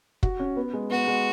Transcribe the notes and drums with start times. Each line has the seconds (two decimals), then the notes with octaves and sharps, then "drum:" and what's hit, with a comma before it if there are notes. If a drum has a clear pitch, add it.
0.23 F#4, drum: kick
0.39 C#4
0.56 B3
0.74 G#3
0.90 B3 F#4
1.07 G#3